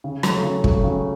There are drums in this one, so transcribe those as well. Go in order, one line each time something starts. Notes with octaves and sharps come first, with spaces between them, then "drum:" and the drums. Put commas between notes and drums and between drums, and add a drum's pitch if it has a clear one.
C#3
F#3 A3, drum: rim click
C#3
F#3 A3, drum: kick
C#3